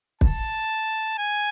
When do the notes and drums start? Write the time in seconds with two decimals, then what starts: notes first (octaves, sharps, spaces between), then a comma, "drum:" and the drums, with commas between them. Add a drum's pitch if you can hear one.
0.21 A5, drum: kick
1.18 G#5